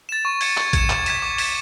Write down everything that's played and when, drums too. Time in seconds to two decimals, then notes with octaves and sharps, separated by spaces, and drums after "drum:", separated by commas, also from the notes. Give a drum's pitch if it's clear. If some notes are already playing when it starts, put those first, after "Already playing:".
0.09 A6 E7
0.25 C#6
0.41 G#6 C#7 E7, drum: open hi-hat
0.57 C#6, drum: clap
0.73 G#6 C#7 E7, drum: kick A1, hi-hat
0.90 D6, drum: clap
1.06 G#6 B6 E7, drum: hi-hat
1.22 D6
1.38 G#6 B6 E7, drum: open hi-hat